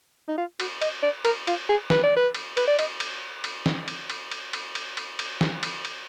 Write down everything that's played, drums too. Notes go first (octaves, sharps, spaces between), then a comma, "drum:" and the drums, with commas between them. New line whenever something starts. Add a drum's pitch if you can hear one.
D#4
F4
F#4, drum: cymbal
D#5, drum: cymbal
D5
A#4, drum: cymbal
F4, drum: cymbal
G#4
B4, drum: snare
D5
B4
drum: cymbal
B4, drum: cymbal
D5
D#5, drum: cymbal
drum: cymbal
drum: cymbal
drum: snare
drum: cymbal
drum: cymbal
drum: cymbal
drum: cymbal
drum: cymbal
drum: cymbal
drum: cymbal
drum: snare
drum: cymbal
drum: cymbal